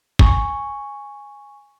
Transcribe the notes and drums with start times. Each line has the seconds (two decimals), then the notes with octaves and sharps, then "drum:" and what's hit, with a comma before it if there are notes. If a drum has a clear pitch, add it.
0.19 G#5 C#6, drum: kick